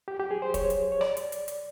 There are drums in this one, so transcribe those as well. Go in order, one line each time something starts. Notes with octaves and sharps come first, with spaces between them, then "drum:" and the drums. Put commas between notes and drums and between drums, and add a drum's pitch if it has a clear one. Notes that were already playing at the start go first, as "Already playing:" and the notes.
G4
G4
G#4
C5
C#5, drum: kick, hi-hat
drum: hi-hat
C#5
D5, drum: rim click
drum: hi-hat
drum: hi-hat
drum: hi-hat